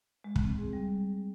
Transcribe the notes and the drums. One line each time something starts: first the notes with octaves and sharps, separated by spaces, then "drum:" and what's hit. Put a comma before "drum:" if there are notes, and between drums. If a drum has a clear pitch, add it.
G#3
drum: kick
C4
G#4
G3